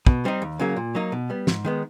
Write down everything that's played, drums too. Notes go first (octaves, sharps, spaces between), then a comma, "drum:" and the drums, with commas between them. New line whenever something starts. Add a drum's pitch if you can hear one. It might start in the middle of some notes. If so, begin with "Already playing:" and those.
B2, drum: kick
G3 C4 D#4
D#2
C#3 F#3 A#3
A#2
F#3 A#3 D#4
B2
G3 B3
G#2, drum: snare
D#3 G#3 B3